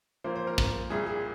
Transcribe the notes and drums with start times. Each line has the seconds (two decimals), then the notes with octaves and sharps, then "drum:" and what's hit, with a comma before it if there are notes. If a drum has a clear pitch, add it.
0.24 A#2 F3 A#3 C5
0.36 C5
0.47 A#4
0.58 A#4, drum: kick
0.90 C2 A#2 G3 G#4
1.06 G#4